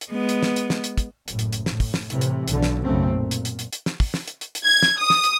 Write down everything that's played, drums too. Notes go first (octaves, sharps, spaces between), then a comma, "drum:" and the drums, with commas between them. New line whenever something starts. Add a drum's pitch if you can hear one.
drum: hi-hat
G#3 B3
drum: hi-hat
drum: snare
drum: hi-hat
drum: snare
drum: hi-hat
drum: kick, hi-hat
F#1 A2, drum: hi-hat
drum: hi-hat
drum: hi-hat
A2, drum: snare
drum: kick, open hi-hat
drum: snare
A2 C3 E3, drum: hi-hat
drum: hi-hat
B1 D3, drum: hi-hat
drum: snare
B1 F#2 C#3 A3 C4
A#2
drum: hi-hat
drum: hi-hat
drum: hi-hat
drum: hi-hat
drum: snare
drum: kick, open hi-hat
drum: snare
drum: hi-hat
drum: hi-hat
drum: hi-hat
G#6
drum: snare
D#6
drum: snare
drum: hi-hat